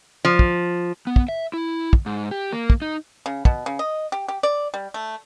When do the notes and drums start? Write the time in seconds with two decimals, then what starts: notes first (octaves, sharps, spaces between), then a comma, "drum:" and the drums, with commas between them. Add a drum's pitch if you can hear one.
0.25 F3
0.39 drum: kick
1.07 B3
1.16 drum: kick
1.28 E5
1.53 E4
1.93 drum: kick
2.06 G#2
2.31 G4
2.52 A#3
2.70 drum: kick
2.82 D#4
3.26 C#3
3.45 B2, drum: kick
3.66 C#3
3.79 D#5
4.12 G4
4.28 G4
4.43 D5
4.74 G3
4.94 A3